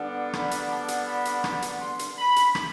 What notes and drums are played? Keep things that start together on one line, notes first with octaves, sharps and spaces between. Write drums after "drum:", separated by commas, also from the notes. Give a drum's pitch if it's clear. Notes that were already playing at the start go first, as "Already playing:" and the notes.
Already playing: D3 G3 B3 D4
B5, drum: rim click
drum: hi-hat
A5
drum: hi-hat
B5
drum: hi-hat
drum: rim click
drum: hi-hat
C6
drum: hi-hat
B5
drum: hi-hat
drum: rim click